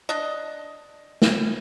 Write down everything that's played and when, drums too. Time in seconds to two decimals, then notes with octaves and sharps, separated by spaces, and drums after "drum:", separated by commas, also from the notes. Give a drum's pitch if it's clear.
0.09 D4 D#5
1.22 drum: snare